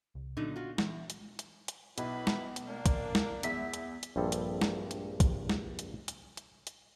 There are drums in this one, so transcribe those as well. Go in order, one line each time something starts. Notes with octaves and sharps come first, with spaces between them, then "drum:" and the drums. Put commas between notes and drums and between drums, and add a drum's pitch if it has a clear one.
C2
A#2 D3 F#3 B3 D#4
F4 F#4
E2 E3, drum: snare
drum: hi-hat
drum: hi-hat
drum: hi-hat
B1 E4 B4, drum: hi-hat
drum: snare
drum: hi-hat
A#3 D4
drum: kick, hi-hat
drum: snare
E2 E5 B6, drum: hi-hat
drum: hi-hat
drum: hi-hat
A#1 G2 G3 C4 G#4 A4
drum: hi-hat
drum: snare
drum: hi-hat
drum: kick, hi-hat
drum: snare
drum: hi-hat
drum: hi-hat
drum: hi-hat
drum: hi-hat